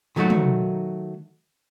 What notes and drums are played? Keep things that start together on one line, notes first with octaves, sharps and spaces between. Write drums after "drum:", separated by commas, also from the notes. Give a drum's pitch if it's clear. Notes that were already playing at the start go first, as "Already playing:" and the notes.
D#3 F#3 A3 D#4 F#4
drum: tom